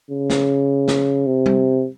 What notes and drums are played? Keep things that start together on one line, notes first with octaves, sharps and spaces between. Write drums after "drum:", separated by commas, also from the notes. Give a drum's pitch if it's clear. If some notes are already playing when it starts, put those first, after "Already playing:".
C#3
drum: snare
drum: snare
C3
drum: tom G3